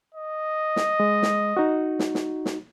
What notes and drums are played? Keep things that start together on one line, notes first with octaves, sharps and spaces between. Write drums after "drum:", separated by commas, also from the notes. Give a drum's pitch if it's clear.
D#5
drum: snare
G#3
drum: snare
D#4 F#4
drum: snare
drum: snare
drum: snare